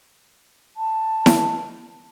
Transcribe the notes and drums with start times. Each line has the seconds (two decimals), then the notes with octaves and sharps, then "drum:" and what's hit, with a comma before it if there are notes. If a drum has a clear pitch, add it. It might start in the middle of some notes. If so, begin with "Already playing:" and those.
0.77 A5
1.26 drum: snare E4